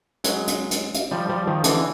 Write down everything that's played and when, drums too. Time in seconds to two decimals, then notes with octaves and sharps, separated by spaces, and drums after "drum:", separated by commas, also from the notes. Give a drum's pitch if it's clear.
0.24 F#3 G#3, drum: hi-hat
0.48 drum: hi-hat
0.71 drum: hi-hat
0.94 drum: hi-hat
1.11 F3 G3
1.29 F3 G3
1.47 D#3 F3
1.64 D3 E3, drum: hi-hat